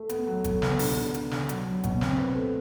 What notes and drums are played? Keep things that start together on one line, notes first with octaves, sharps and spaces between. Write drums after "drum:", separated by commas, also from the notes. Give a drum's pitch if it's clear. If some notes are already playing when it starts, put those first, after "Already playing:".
Already playing: A3
B3, drum: hi-hat
F#3
A4, drum: kick G1, hi-hat
B3, drum: snare
D3, drum: open hi-hat
D3
D4, drum: hi-hat
D4, drum: snare
F#3, drum: hi-hat
F#3
B2, drum: kick G1, hi-hat
C4, drum: snare
B4
A3